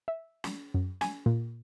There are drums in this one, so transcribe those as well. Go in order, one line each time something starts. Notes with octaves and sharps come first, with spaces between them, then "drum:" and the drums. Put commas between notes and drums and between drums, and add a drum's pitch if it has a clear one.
E5
drum: snare
F#2
G#5, drum: snare
A#2